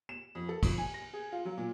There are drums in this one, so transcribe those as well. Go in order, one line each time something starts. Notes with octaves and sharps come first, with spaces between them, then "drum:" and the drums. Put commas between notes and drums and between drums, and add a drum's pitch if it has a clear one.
E7
F2
A4
F2, drum: kick, cymbal
G#5
A#6
G#4
F4
F#3
A#2